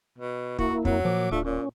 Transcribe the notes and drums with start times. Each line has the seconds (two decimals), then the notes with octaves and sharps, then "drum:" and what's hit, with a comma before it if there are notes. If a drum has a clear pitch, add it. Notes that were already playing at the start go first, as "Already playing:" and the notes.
0.18 B2
0.58 A#3 E4 F#4, drum: kick
0.85 F2 F#3, drum: kick
1.05 A#2 F3 D6
1.31 D1 A3 D4 F4
1.45 A#2 C#4